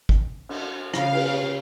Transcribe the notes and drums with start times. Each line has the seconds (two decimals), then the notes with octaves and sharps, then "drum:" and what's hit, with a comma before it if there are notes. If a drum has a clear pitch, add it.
0.09 drum: kick
0.49 drum: cymbal
0.94 C#3 F5, drum: rim click
1.13 drum: cymbal